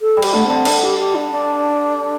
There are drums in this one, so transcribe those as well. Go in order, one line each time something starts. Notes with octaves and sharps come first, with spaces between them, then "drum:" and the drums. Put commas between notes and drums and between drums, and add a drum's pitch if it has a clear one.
A4
G3
G4, drum: cymbal
D3 A3
C4
D3
D3 D4, drum: cymbal
G4
G4
D4
D4